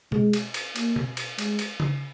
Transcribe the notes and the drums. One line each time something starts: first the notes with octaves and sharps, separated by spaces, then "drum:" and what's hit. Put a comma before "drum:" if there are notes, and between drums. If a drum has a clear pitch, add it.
G#3, drum: tom
drum: cymbal
drum: cymbal
A#3, drum: cymbal
drum: tom
drum: cymbal
G#3, drum: cymbal
drum: cymbal
drum: tom C#3